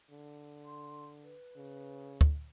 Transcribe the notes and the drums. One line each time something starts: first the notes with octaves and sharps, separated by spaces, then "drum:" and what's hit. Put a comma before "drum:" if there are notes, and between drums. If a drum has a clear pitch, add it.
D3
C6
B4
C#3
drum: kick